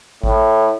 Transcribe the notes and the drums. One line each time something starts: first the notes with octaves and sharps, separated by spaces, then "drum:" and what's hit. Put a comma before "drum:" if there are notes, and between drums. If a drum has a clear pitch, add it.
A2, drum: kick G#1